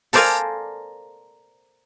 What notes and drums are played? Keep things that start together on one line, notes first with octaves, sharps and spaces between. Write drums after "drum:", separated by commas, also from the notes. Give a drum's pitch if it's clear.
A4 A#4 C5 D5 F5 G#5, drum: open hi-hat